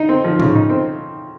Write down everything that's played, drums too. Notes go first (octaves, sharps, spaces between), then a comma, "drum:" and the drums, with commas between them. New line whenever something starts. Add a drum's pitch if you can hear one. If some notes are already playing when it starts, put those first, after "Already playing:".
Already playing: D#4
C4
F3
C#3, drum: tom
D#4
C4